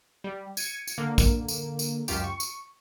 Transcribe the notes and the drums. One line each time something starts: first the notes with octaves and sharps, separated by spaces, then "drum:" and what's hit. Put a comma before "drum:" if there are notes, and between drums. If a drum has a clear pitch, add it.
G3
G#6 C#7 D#7, drum: tambourine
drum: tambourine
D3 A#3
drum: kick, tambourine
drum: tambourine
drum: tambourine
C#2 F#2 F4 G4, drum: tambourine
C#6
drum: tambourine